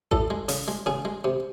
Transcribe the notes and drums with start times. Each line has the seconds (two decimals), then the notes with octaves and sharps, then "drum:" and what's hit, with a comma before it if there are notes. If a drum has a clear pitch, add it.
0.11 A2 A4, drum: kick A1
0.30 G#3
0.49 C#3, drum: open hi-hat
0.68 G#3
0.86 C#3 G#4
1.05 G#3
1.24 C3